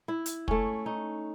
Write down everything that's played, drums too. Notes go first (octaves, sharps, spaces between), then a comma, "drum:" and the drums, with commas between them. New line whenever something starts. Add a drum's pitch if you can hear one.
E4
drum: hi-hat
A3 C#4, drum: kick
D#4